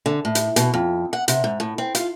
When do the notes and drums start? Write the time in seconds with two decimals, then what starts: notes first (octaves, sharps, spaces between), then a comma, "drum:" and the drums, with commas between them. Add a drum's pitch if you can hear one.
0.06 D3
0.25 A2
0.35 drum: hi-hat
0.56 B2, drum: hi-hat
0.74 F2
1.13 F#5
1.28 C3, drum: hi-hat
1.44 G#2
1.60 A2
1.78 C4
1.95 F4, drum: hi-hat